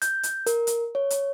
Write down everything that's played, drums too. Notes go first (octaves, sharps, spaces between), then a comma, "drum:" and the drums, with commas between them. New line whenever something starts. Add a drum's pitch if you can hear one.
G6, drum: hi-hat
drum: hi-hat
A#4, drum: hi-hat
drum: hi-hat
C#5
drum: hi-hat